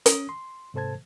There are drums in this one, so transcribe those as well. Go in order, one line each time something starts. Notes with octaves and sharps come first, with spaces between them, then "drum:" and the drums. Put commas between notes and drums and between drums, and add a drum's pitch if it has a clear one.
C#4, drum: hi-hat
C6
G#2 C3 A4 C5 A5 G#6